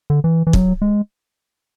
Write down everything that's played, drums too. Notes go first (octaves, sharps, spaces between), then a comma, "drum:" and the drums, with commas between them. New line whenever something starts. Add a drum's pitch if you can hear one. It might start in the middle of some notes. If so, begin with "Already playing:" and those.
D3
E3
E3
F#3, drum: kick
G#3